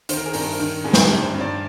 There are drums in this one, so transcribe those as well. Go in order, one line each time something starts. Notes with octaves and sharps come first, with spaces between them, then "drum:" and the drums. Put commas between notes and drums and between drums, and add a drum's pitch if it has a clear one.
D#3 C5, drum: hi-hat
A#4
G#4
G2 A#4, drum: open hi-hat
D#3
G2 G#4
drum: snare
G4
G2
C5
G2
D5